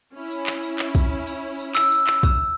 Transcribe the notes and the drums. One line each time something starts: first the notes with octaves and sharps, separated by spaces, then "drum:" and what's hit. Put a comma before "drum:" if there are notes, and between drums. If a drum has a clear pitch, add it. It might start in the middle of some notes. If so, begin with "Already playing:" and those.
C#4 E4
drum: tambourine
drum: clap
drum: tambourine
drum: clap
drum: kick, tambourine
drum: tambourine
drum: tambourine
E6, drum: clap
drum: tambourine
drum: clap
drum: kick, tambourine